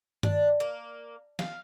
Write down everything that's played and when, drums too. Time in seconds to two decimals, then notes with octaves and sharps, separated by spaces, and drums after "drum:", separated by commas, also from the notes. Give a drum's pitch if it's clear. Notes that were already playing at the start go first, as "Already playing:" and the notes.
0.23 D4, drum: tom G2
0.60 A#3
1.39 F5, drum: snare